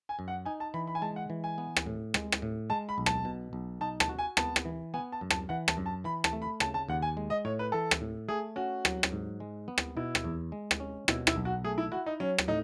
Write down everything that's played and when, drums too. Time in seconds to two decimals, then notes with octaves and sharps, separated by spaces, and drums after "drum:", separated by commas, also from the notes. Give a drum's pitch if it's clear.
0.09 G#5
0.19 F#2
0.28 F#5
0.45 D#4 G#5
0.60 A5
0.74 E3 B5
0.87 B5
0.95 G#5
1.02 G#3 A5
1.16 F#5
1.30 E3
1.44 G#5
1.58 B3
1.76 drum: rim click
1.86 A2
2.14 G#3, drum: rim click
2.32 drum: rim click
2.42 A2
2.70 G#3 A5
2.89 B5
2.98 B1
3.06 A5, drum: rim click
3.25 B2
3.53 B1
3.81 D#4 A5
4.00 A5, drum: rim click
4.09 F#4
4.19 G#5
4.37 B3 A5, drum: rim click
4.56 drum: rim click
4.65 E3
4.94 B3 G#5
5.12 A5
5.21 F#2
5.30 A5, drum: rim click
5.49 E3 F#5
5.68 A5, drum: rim click
5.77 F#2
5.86 A5
6.04 E3 B5
6.24 A5, drum: rim click
6.33 A3
6.42 B5
6.60 C#3 A5, drum: rim click
6.74 A5
6.89 D#2 F#5
7.02 G#5
7.17 G#3
7.30 D#5
7.45 A2 C#5
7.59 B4
7.72 E3 A4
7.91 drum: rim click
8.01 A2
8.28 A3 G#4
8.56 C#4 F#4
8.85 F#3, drum: rim click
9.03 drum: rim click
9.12 G#2
9.40 G#3
9.68 B3
9.78 drum: rim click
9.97 B2 E4
10.15 drum: rim click
10.24 E2
10.52 G#3
10.71 drum: rim click
10.80 C#4
11.08 B2 E4, drum: rim click
11.27 E4, drum: rim click
11.36 B1
11.45 F#4
11.64 A3 G#4
11.78 E4
11.92 E4 F#4
12.06 D#4
12.20 F#3 C#4
12.38 drum: rim click
12.48 A2 D#4